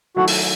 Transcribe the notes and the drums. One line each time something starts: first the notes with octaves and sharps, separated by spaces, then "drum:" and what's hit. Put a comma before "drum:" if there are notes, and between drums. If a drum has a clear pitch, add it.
D#3 F#3 A3 E4 F#4
drum: open hi-hat